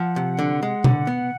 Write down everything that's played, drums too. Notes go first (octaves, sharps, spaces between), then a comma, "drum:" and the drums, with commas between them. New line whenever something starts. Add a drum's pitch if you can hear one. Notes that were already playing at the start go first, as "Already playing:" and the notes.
Already playing: F3 F#5
C3
D3
G#3
D3, drum: tom B2
B3